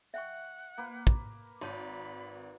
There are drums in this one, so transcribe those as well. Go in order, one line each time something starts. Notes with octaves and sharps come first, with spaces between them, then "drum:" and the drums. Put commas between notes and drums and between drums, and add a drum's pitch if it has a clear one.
E5 F#5 G5 C#6
A#3 B4
drum: kick
G#1 C#5 A5 B5 C6